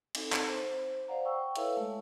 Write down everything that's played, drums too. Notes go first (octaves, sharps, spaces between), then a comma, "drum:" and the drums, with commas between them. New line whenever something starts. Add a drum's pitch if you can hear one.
C4 D#4 A4, drum: cymbal
drum: clap
C5
C5 D5 F5 F#5 A#5
G5 C#6 E6
E4 A4 B4 C#5 E5 F5, drum: hi-hat
G#3 A3 E5 E6